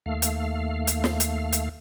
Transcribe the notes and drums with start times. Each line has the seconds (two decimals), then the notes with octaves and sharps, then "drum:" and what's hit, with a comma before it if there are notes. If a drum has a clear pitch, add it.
0.06 D#2 A3 F5
0.22 drum: hi-hat
0.87 drum: hi-hat
1.04 drum: snare
1.20 drum: hi-hat
1.53 drum: hi-hat